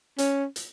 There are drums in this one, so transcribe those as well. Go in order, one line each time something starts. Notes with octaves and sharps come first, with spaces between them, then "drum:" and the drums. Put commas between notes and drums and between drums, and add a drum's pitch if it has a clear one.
C#4, drum: hi-hat
drum: hi-hat